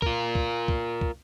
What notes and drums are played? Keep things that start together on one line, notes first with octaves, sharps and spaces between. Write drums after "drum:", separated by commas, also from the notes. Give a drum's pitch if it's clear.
F4 A#4, drum: kick
drum: kick
drum: kick
drum: kick